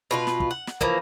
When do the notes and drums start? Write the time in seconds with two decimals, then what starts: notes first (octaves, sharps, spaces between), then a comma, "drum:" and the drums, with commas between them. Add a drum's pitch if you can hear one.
0.11 B2 F4 B4
0.27 drum: snare
0.40 drum: kick
0.51 F#5
0.67 drum: snare
0.81 E3 F3 A#3, drum: kick